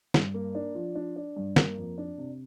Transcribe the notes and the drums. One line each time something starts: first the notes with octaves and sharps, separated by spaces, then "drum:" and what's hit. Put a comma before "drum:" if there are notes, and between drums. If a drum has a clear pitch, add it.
G2, drum: snare
A#3
D4
F3
D4
D4
G2
A#3, drum: snare
F2
D4
C3